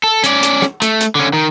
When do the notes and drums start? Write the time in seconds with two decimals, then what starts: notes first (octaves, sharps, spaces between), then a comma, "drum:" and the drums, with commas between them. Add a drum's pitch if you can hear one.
0.04 A4
0.24 C#4 D5, drum: hi-hat
0.43 drum: hi-hat
0.62 drum: rim click
0.82 A3, drum: hi-hat
1.01 drum: hi-hat
1.15 D3 C#4
1.33 D#3